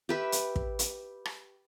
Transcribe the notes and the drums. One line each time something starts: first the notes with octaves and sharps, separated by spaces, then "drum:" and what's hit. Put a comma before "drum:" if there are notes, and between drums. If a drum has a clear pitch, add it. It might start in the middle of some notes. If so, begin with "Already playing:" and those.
G4 B4 E5
drum: hi-hat
drum: kick
drum: hi-hat
drum: rim click